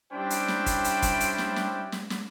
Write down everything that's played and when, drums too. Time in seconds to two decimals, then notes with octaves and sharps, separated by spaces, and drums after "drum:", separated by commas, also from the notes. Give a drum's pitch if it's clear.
0.12 G3 C#4 D4 E4 C5 G5
0.30 drum: hi-hat
0.48 drum: snare
0.66 drum: kick, hi-hat
0.84 drum: hi-hat
1.02 drum: kick, hi-hat
1.20 drum: hi-hat
1.38 drum: snare
1.56 drum: snare
1.92 drum: snare
2.10 drum: snare